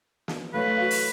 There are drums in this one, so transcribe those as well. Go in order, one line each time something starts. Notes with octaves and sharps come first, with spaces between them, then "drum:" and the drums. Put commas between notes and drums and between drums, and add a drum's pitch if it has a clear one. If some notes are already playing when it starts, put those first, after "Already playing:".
drum: snare
E3 F#3 A3 B4 F5
F#4
drum: open hi-hat